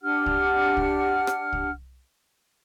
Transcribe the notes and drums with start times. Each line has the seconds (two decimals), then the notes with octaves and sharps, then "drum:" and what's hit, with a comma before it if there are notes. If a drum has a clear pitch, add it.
0.01 D4 G4 F#5 F6
0.26 drum: kick C2
0.77 drum: kick C2
1.27 drum: rim click
1.53 drum: kick C2